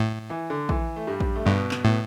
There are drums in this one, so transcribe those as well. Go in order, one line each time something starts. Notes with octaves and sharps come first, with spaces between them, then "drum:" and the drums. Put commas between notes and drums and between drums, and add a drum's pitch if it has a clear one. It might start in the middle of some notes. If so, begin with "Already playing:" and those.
Already playing: A2
E3
D3
E3, drum: kick A#1
A3
G2 G3
drum: kick A#1
A3
G2 B2 B3
B2 B3, drum: clap
A2 B3